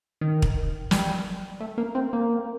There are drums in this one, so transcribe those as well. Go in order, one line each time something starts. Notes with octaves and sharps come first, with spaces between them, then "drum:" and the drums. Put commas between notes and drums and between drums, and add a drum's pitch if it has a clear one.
D#3
drum: kick
G3, drum: snare
A3
A#3
C4
A#3